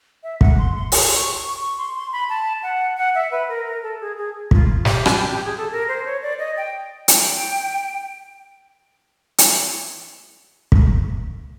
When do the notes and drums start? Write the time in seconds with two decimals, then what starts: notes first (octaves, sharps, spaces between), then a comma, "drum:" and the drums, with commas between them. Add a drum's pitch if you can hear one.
0.23 E5
0.41 F#5, drum: kick
0.58 C6
0.76 C6
0.92 C6, drum: open hi-hat
1.15 C#6
1.38 C#6
1.61 C#6
1.78 C6
1.95 C6
2.12 B5
2.29 A5
2.63 F#5
2.98 F#5
3.15 E5
3.31 B4
3.49 A#4
3.66 A#4
3.83 A4
4.01 G#4
4.17 G#4
4.51 F4, drum: kick
4.85 G4, drum: snare
5.06 drum: rim click
5.30 G4
5.44 G#4
5.57 A4
5.72 A#4
5.88 C5
6.05 C#5
6.22 D5
6.39 D#5
6.57 G5
7.08 G5, drum: hi-hat
9.38 drum: hi-hat
10.72 drum: kick